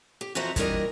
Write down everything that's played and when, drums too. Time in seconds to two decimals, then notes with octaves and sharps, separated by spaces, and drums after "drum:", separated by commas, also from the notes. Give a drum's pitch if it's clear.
0.21 G4
0.35 F2 E3 F#4 C5 E5 A#5
0.56 A#2 E3 G3 D4 A#4 D#5, drum: kick, hi-hat